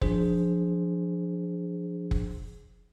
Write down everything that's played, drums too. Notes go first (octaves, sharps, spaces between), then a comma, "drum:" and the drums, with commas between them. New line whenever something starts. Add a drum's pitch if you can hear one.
F3 D4 G#4 C5, drum: kick F1
drum: kick F1